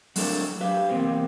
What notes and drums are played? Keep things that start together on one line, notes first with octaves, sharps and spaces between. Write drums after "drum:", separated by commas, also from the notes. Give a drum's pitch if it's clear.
F#3 A3 D4 A4 A#4 E5, drum: open hi-hat
G4 B4 E5 F5
E2 G#2 C3 A#3 C4